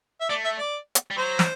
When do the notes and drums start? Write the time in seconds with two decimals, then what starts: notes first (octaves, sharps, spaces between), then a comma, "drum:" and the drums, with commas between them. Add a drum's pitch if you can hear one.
0.20 E5
0.29 A3 D5
0.44 E5
0.59 D5
0.95 drum: hi-hat
1.11 G3
1.17 F#3 C5
1.39 drum: snare